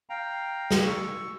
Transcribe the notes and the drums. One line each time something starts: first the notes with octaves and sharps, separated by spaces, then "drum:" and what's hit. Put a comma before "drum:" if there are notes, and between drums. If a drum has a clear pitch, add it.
F5 G5 A#5
drum: snare
C#6 E6